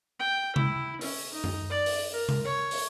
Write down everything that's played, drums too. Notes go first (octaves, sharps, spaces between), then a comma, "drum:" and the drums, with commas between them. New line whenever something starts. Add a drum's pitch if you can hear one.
G5
E4, drum: tom C3
C#4, drum: open hi-hat
D#4
drum: tom F#2
D5
drum: open hi-hat
A#4
drum: tom C3
C#5
drum: open hi-hat